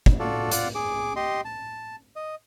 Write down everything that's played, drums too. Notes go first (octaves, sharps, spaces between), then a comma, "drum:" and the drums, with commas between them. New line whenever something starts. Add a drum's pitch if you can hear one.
drum: kick
F4 F#4 A4 D5
F4 D5 F#5, drum: hi-hat
G#4 D6
G4 D#5 C6
A5
D#5